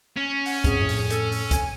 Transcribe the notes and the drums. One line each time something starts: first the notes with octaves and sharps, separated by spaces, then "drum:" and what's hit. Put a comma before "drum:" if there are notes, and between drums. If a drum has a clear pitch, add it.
C#4
F#5, drum: open hi-hat
G2 C4 G#4, drum: kick, hi-hat
F2 A2
drum: open hi-hat
A4, drum: hi-hat
drum: open hi-hat
G#5, drum: kick, hi-hat